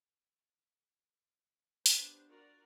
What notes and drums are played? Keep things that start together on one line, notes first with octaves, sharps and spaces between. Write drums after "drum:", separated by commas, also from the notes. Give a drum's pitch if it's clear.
B3 D4 G4 C5, drum: open hi-hat
F4 F#4 A#4 D5